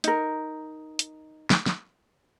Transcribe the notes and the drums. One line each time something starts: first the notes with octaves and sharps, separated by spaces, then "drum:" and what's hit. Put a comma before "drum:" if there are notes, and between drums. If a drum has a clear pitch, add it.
D#4 A#4, drum: hi-hat
drum: hi-hat
drum: snare
drum: snare